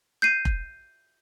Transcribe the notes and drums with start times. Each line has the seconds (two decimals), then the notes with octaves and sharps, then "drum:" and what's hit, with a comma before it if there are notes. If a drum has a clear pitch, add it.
0.22 G6 C7 D#7
0.45 drum: kick F1